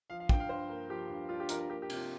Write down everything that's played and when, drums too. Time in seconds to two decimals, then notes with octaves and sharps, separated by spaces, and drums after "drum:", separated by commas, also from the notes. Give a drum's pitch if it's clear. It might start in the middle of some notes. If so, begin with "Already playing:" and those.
0.10 F3 F5
0.20 F5
0.29 G2 G5, drum: kick
0.40 F5
0.49 G2 C5
0.69 A#3
0.89 F3 G4
1.10 G2
1.29 D4 F4
1.40 G4
1.49 F3 A#4, drum: hi-hat
1.59 A#4
1.69 A#3 G4
1.82 G4
1.90 C3, drum: cymbal
1.95 F4